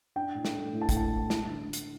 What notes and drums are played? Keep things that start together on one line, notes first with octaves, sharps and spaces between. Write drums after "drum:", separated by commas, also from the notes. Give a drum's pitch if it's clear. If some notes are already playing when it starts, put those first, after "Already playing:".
D4 G5
A2
drum: snare
A3
A2
A5
G5, drum: kick, hi-hat
A2 A5
A3
E4, drum: snare
D3
drum: hi-hat